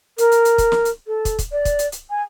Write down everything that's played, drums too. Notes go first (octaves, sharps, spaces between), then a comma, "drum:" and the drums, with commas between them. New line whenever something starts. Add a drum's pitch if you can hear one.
A#4, drum: hi-hat
drum: hi-hat
drum: hi-hat
drum: kick, hi-hat
drum: snare
drum: hi-hat
A4
drum: kick, hi-hat
drum: kick, hi-hat
D5
drum: kick, hi-hat
drum: hi-hat
drum: hi-hat
G#5